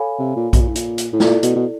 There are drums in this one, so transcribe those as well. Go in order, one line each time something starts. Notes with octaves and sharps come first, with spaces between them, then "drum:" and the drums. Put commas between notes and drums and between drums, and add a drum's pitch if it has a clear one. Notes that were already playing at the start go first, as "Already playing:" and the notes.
Already playing: A4 C#5 F5 G#5 B5
C3
A#2
B2, drum: kick A#1, hi-hat
A#2
A2
A#2, drum: hi-hat
drum: hi-hat
A2
A#2 E4 A4 D5, drum: snare
B2, drum: hi-hat
B2